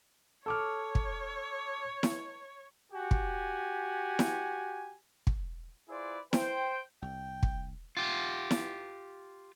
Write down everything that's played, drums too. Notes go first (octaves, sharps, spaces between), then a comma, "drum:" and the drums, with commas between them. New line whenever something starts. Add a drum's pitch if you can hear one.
A4 C#5 D6 F6
drum: kick
drum: snare E4
F#4 G4 G#5
drum: kick
drum: snare E4
drum: kick
E4 F4 G#4 B4 C5 D5
C5 G5, drum: snare E4
C2 G5
drum: kick
F4 G4
drum: snare E4